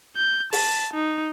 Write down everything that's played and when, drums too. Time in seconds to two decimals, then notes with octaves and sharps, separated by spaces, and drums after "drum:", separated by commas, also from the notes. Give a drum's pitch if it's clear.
0.16 G6
0.53 A5, drum: open hi-hat
0.93 D#4